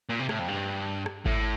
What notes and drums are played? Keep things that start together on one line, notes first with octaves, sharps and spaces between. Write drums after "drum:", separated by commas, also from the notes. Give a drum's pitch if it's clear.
A#2
C3
A2, drum: rim click
F2
G2
drum: rim click
A2, drum: kick G#1